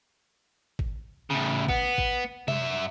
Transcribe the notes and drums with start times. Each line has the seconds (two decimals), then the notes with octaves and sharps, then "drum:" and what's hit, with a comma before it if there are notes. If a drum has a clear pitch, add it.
0.79 drum: kick G#1
1.30 A2 C#3
1.68 B3, drum: kick G#1
1.98 drum: kick G#1
2.48 F#2 E5, drum: tom C3